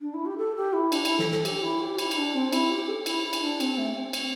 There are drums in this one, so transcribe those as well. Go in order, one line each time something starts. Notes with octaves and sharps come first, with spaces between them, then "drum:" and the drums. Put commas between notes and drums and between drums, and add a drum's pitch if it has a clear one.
D4
E4
G4
A4
G4
E4
D4, drum: cymbal
E4, drum: cymbal
A4, drum: snare
A4, drum: snare
G4, drum: cymbal
E4
G4
E4, drum: cymbal
E4, drum: cymbal
D4
C4
E4, drum: cymbal
G4
A4
E4, drum: cymbal
E4
drum: cymbal
D4
C4, drum: cymbal
A3
C4
drum: cymbal